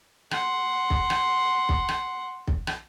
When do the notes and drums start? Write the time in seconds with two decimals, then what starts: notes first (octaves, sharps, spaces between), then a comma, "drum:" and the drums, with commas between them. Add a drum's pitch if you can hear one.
0.31 F#5 C6, drum: rim click
0.90 drum: kick B1
1.10 drum: rim click
1.69 drum: kick B1
1.89 drum: rim click
2.47 drum: kick B1
2.67 drum: rim click